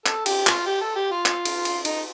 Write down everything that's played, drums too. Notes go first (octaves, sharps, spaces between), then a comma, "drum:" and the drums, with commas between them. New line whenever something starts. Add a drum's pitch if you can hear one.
A4, drum: clap
G4, drum: cymbal
F4, drum: clap
G4
A4
G4
F4
drum: clap
drum: cymbal
drum: cymbal
D#4, drum: cymbal